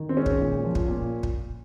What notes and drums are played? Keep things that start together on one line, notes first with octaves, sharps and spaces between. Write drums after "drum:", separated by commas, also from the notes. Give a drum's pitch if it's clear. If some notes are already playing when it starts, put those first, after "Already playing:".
Already playing: D#3
C4
G#3 C#4
drum: kick
A#2
F3
drum: kick
A#2
drum: kick